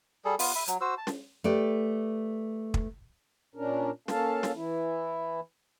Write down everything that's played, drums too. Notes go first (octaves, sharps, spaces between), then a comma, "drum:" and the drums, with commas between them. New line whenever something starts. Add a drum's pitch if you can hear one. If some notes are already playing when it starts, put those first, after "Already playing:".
G3 G#4 A4
B3 F4, drum: open hi-hat
E5 B5
F#3, drum: hi-hat
F#4 C5 E6
A5
drum: snare
A3 G4 B4 D5
drum: kick
A#2 C#4 D4 A#4
A#3 C#4 A4 F5 A5, drum: snare
drum: snare
E3 E4